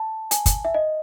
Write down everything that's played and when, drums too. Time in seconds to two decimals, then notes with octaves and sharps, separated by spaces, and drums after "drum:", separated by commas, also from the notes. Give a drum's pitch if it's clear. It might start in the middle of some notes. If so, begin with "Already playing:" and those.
Already playing: A5
0.31 G#5, drum: hi-hat
0.46 drum: kick, hi-hat
0.65 E5
0.74 D#5